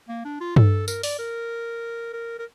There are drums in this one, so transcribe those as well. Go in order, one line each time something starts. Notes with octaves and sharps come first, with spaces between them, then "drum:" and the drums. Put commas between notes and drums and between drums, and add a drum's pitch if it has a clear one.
A#3
D4
F4
A4, drum: tom G2
A#4, drum: tambourine
D5, drum: open hi-hat
A#4
A#4
A#4